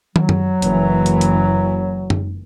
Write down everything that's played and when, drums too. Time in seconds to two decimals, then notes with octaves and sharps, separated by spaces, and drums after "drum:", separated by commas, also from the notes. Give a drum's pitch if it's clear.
0.16 F#3, drum: tom
0.29 drum: tom F#2
0.62 F#1 E3, drum: hi-hat
1.06 drum: hi-hat
1.21 drum: hi-hat
2.10 drum: tom F#2